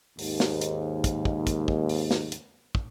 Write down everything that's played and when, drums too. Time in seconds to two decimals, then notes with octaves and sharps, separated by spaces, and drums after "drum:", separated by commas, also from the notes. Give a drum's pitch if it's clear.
0.19 D#2 G#2, drum: open hi-hat
0.40 drum: snare
0.61 drum: hi-hat
1.04 drum: kick, hi-hat
1.25 drum: kick
1.47 drum: kick, hi-hat
1.68 drum: kick
1.89 drum: open hi-hat
2.11 drum: snare
2.32 drum: hi-hat
2.75 drum: kick